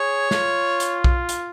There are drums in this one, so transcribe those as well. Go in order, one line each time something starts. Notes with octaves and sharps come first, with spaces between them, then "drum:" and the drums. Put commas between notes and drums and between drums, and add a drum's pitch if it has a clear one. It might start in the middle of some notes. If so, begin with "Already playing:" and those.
Already playing: G#4 C#5
F4, drum: snare
drum: hi-hat
drum: kick B1
drum: hi-hat